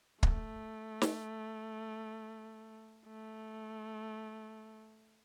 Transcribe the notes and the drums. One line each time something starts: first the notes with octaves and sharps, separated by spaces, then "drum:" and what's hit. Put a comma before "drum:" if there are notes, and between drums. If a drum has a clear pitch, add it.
A3, drum: kick
drum: snare
A3